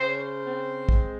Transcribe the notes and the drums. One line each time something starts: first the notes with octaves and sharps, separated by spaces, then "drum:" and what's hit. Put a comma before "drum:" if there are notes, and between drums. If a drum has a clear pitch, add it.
C#3 C5
C#5
C5
C4
G#3, drum: kick